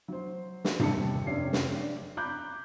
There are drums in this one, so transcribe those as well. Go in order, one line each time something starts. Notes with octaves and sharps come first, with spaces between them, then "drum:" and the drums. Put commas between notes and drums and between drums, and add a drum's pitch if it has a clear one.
F#3 C5
drum: snare
E1 D#2 C3 G3 A5 C#7, drum: tom G2
F1 C3 C#4 D4 C7
drum: snare
D4
A#5 B5 D6 F#6 G6